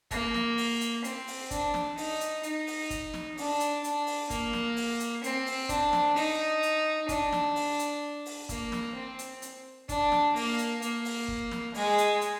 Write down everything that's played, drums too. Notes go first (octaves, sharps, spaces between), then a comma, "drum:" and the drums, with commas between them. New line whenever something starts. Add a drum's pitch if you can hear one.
A#3, drum: kick, hi-hat
drum: snare
drum: open hi-hat
drum: hi-hat
C4, drum: hi-hat
drum: open hi-hat
D4, drum: kick, hi-hat
drum: snare
D#4, drum: open hi-hat
drum: hi-hat
D#4, drum: hi-hat
drum: open hi-hat
drum: kick, hi-hat
drum: snare
D4, drum: open hi-hat
drum: hi-hat
D4, drum: hi-hat
drum: open hi-hat
A#3, drum: kick, hi-hat
drum: snare
drum: open hi-hat
drum: hi-hat
C4, drum: hi-hat
drum: open hi-hat
D4, drum: kick, hi-hat
drum: snare
D#4, drum: open hi-hat
drum: hi-hat
D4, drum: kick, hi-hat
drum: snare
drum: open hi-hat
drum: hi-hat
drum: open hi-hat
A#3, drum: kick, hi-hat
drum: snare
C4
drum: hi-hat
drum: hi-hat
D4, drum: kick, hi-hat
drum: snare
A#3, drum: open hi-hat
drum: hi-hat
A#3, drum: hi-hat
drum: open hi-hat
drum: kick
drum: snare
G#3, drum: open hi-hat
drum: hi-hat
drum: hi-hat